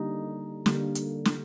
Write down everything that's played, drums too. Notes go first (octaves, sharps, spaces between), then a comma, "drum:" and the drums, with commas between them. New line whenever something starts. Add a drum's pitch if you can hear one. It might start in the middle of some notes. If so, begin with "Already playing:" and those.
Already playing: D3 G3 A#3 D#4
D3 G3 A#3, drum: snare
drum: hi-hat
drum: snare